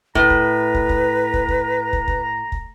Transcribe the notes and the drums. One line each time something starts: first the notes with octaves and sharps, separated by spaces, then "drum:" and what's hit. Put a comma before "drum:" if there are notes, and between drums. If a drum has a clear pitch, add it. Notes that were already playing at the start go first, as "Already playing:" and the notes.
A2 B4 A#5, drum: kick
drum: kick
drum: kick
drum: kick
drum: kick
drum: kick
drum: kick
drum: kick
drum: kick